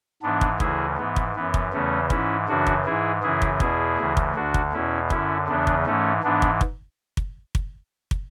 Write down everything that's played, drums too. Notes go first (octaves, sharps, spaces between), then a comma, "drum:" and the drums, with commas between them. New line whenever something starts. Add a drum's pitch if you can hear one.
G#2 E3 B3 D4
drum: kick
D2 C#3 E3 E4 G#4, drum: kick
G#2 E3 B3
drum: kick
F#2 E3 B3
drum: kick
E2 C#3 E3 A3 C#4
G#2 E3 C#4 E4, drum: kick
F#2 C#3 E3 D4 F#4
drum: kick
G#2 E3 E4 G#4
F#2 C#3 E3 E4 G#4
drum: kick
E2 B2 E4 G#4, drum: kick
D2 C#3 E3
drum: kick
D2 D3 D4 F#4
drum: kick
E2 B2 C#4 E4
F#2 D3 C#4 E4, drum: kick
E2 C#3 E3 B3 D4
drum: kick
G#2 E3 A3 C#4
G#2 E3 B3 D4
drum: kick
drum: kick
drum: kick
drum: kick
drum: kick